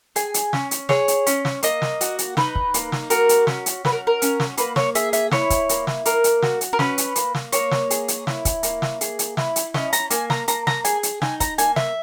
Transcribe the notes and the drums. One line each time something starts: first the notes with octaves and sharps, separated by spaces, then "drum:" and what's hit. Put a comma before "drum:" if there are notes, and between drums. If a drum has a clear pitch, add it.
G#4 G#5, drum: hi-hat
drum: hi-hat
C#4, drum: snare
drum: hi-hat
G#4 C#5, drum: snare
drum: hi-hat
C#4, drum: hi-hat
drum: snare
A#3 D#5, drum: hi-hat
drum: snare
F#4, drum: hi-hat
drum: hi-hat
D#4 B4, drum: snare
drum: kick
A#3, drum: hi-hat
drum: snare
F#4 A#4, drum: hi-hat
drum: hi-hat
C#4, drum: snare
drum: hi-hat
F#4 B4, drum: snare
A#4
A#4
C#4, drum: hi-hat
drum: snare
A#3 B4, drum: hi-hat
C#5, drum: snare
G#4 E5, drum: hi-hat
E5, drum: hi-hat
E4 C#5, drum: snare
drum: kick, hi-hat
A#3, drum: hi-hat
drum: snare
A#3 A#4, drum: hi-hat
drum: hi-hat
F#4, drum: snare
drum: hi-hat
A#4
C#4 B4, drum: snare
drum: hi-hat
A#3, drum: hi-hat
drum: snare
A#3 C#5, drum: hi-hat
drum: snare
G#4, drum: hi-hat
drum: hi-hat
E4, drum: snare
drum: kick, hi-hat
A#3, drum: hi-hat
drum: snare
G#4, drum: hi-hat
drum: hi-hat
E4, drum: snare
drum: hi-hat
C#4 D#5, drum: snare
A#5, drum: hi-hat
A#3 G#5, drum: hi-hat
A#5, drum: snare
A#3 A#5, drum: hi-hat
A#5, drum: snare
G#4 G#5, drum: hi-hat
drum: hi-hat
D#4 G#5, drum: snare
A#5, drum: kick, hi-hat
A#3 G#5, drum: hi-hat
E5, drum: snare